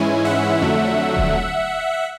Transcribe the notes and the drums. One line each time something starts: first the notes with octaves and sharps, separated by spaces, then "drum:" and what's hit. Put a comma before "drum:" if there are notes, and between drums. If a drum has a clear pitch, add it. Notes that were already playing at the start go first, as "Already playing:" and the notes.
Already playing: G#2 E3 G#3 C#4 E4 G#5
E5 F#5
F2 D3 F#3 A3
drum: kick D#1